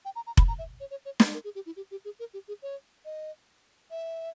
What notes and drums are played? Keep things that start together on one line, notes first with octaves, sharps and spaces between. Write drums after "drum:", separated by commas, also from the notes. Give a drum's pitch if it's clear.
G5
A#5
A#5
B5, drum: kick F1
A#5
E5
C#5
C#5
C#5
B4, drum: snare
A#4
G#4
G4
E4
G4
G4
G#4
A#4
G4
G#4
C#5
D#5
E5